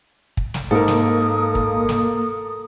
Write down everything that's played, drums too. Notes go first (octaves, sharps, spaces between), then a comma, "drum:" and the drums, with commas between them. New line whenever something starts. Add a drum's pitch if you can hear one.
drum: kick
drum: snare
G#2 A#3 A4 A#4 D#6
drum: snare
drum: kick
drum: snare